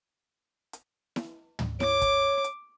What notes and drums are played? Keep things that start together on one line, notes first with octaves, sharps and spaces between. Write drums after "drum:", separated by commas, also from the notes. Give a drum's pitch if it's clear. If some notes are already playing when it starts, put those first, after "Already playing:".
drum: hi-hat
drum: snare E4
drum: tom
C#5 D6, drum: snare E4
drum: kick, hi-hat
drum: hi-hat